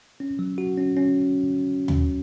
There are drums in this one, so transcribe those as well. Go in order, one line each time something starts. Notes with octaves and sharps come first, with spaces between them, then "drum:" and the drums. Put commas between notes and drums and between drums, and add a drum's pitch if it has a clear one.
C#4
F#3
F#4
C#4
C#4
drum: tom D#2